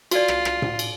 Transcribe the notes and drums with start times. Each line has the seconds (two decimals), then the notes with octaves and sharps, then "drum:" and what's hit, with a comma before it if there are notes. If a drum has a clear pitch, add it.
0.11 F4 F#4 D5, drum: cymbal
0.28 drum: rim click
0.45 drum: rim click
0.62 drum: tom A2
0.79 drum: cymbal